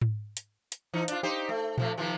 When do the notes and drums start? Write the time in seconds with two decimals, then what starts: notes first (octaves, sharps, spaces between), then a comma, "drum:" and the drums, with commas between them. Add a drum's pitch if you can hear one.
0.02 drum: tom G#2
0.37 drum: hi-hat
0.72 drum: hi-hat
0.94 E3 D#4
1.08 D4 F4, drum: hi-hat
1.23 D#4 G4 C5
1.49 A3
1.78 C3 F3 A3, drum: tom A#2
1.98 C3 D#3 F3